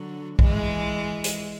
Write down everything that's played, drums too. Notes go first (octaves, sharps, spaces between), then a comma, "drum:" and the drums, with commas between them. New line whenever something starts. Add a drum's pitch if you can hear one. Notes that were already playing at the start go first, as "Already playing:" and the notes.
Already playing: D3 F#3
E3 G#3, drum: kick B1
drum: hi-hat